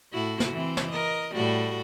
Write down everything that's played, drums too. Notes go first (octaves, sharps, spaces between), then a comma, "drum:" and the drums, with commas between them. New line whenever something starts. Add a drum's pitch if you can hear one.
A2 E4 F#4
drum: snare
E3 C4
drum: snare
A#4 D#5
A2 G3 F#4